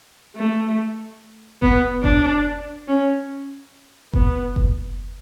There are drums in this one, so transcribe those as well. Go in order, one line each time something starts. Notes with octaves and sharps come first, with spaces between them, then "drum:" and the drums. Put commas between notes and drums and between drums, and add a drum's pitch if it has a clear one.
A3
B3, drum: kick F#1
D4, drum: kick F#1
C#4
B3, drum: kick F#1
drum: kick F#1